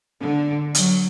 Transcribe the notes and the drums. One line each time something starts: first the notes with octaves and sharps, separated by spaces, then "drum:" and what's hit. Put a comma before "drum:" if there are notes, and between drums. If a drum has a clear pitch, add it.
D3
F#3, drum: hi-hat